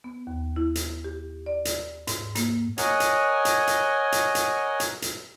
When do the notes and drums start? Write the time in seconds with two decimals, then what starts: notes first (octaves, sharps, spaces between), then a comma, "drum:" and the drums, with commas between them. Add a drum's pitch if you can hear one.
0.04 B3
0.27 D#2
0.56 E4
0.75 drum: hi-hat
1.04 G4
1.46 D5
1.65 drum: hi-hat
2.07 G#2, drum: hi-hat
2.35 A#3, drum: hi-hat
2.78 A#4 C#5 D#5 F#5 G#5, drum: hi-hat
3.00 drum: hi-hat
3.45 drum: hi-hat
3.67 drum: hi-hat
4.12 drum: hi-hat
4.35 drum: hi-hat
4.80 drum: hi-hat
5.02 drum: hi-hat